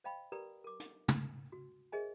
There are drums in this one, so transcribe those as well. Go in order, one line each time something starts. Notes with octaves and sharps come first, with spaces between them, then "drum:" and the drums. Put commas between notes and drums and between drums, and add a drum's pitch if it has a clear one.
C5 D#5 F5 G5 B5
G4 A#4 B4 D5 A#5 D#6
A#4 D6
drum: hi-hat
drum: tom
F#4
G#4 A#4 C5 D#5 E5 G#5